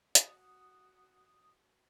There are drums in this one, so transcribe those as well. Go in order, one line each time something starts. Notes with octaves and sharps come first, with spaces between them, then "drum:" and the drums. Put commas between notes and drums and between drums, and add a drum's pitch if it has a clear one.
F#4 D#6, drum: hi-hat